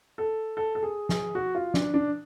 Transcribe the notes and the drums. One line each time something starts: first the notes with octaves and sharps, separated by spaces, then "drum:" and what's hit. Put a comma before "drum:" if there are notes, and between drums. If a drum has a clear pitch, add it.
A4
A4
A4
G#4
G#4, drum: snare
F#4
F4
D4, drum: snare
D4